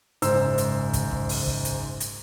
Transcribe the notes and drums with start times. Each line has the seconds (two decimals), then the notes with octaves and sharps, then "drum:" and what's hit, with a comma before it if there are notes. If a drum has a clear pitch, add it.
0.22 F#1 G#2 C5 E6, drum: hi-hat
0.58 drum: hi-hat
0.93 drum: kick, hi-hat
1.11 drum: kick
1.29 drum: open hi-hat
1.47 drum: kick
1.65 drum: hi-hat
2.00 drum: hi-hat